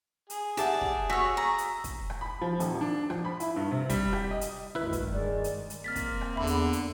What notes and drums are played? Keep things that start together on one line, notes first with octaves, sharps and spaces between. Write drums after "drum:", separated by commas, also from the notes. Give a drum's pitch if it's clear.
G#4, drum: hi-hat
G4 D5 E5 F#5 A5, drum: hi-hat
drum: kick
F#4 C#5 E6 B6, drum: rim click
A#5
drum: hi-hat
drum: kick, hi-hat
drum: rim click
B5
F3
D#1, drum: hi-hat
D4
F3, drum: rim click
B5
E4, drum: hi-hat
G2
C3
G3, drum: kick, hi-hat
G4, drum: rim click
D#5
drum: hi-hat
D2 G2 D#3 E4 B4
drum: kick, hi-hat
G#3 D5
drum: hi-hat
drum: hi-hat
A#3 C4 F6 A6 B6
drum: kick, hi-hat
drum: rim click
E2 D3 E5 B5
drum: hi-hat
drum: hi-hat